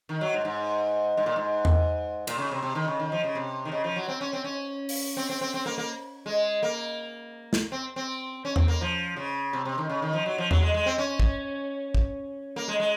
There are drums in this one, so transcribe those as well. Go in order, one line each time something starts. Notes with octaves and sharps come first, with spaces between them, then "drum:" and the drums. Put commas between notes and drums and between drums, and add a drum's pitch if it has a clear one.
D#3
F#3
G#2
G#2
G#2
A#2
G#2
drum: tom E2
A#2, drum: cymbal
C#3
C3
C3
D#3
C#3
D#3
F3
C#3
C3
D#3
C#3
F3
F#3
C4
C#4
C4
C#4
drum: open hi-hat
C4
C4
C4
C4
A#3
A#3
G#3
A#3
drum: snare
C4
C4
C#4
C4, drum: tom E2
A#3
F3
C#3
C3
C3
D#3
C#3
D#3
F3
F#3
F3
F#3, drum: tom E2
G#3
G#3
C4
C#4
drum: kick
drum: kick
A#3
G#3
G#3